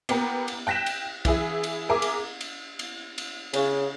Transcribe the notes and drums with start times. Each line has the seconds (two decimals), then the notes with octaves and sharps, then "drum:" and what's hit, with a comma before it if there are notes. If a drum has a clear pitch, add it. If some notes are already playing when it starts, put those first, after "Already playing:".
0.09 A#3 B3 G4 A#5, drum: cymbal
0.48 drum: cymbal
0.67 G5 F#6 A#6 B6 E7
0.86 drum: cymbal
1.25 E3 E4 G#4 E5, drum: kick, cymbal
1.64 drum: cymbal
1.89 G#4 A#4 E5 D6
2.02 drum: cymbal
2.41 drum: cymbal
2.79 drum: cymbal
3.18 drum: cymbal
3.53 C#3, drum: cymbal